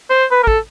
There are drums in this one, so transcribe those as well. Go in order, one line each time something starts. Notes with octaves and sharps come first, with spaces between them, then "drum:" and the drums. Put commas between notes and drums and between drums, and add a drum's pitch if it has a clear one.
C5
B4
A#4
A4, drum: kick